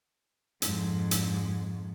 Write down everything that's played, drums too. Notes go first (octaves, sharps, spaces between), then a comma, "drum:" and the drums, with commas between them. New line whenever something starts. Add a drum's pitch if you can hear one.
F2 G#2, drum: hi-hat
drum: hi-hat